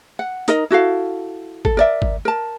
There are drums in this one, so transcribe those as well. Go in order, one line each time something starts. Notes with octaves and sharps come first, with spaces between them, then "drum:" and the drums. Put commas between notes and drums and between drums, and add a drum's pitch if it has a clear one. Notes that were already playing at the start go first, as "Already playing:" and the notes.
F#5
D#4 A#4 D#5, drum: hi-hat
E4 F#4 A4 F5
A4, drum: kick G#1
A#4 D5 E5
drum: kick G#1
A#4 A5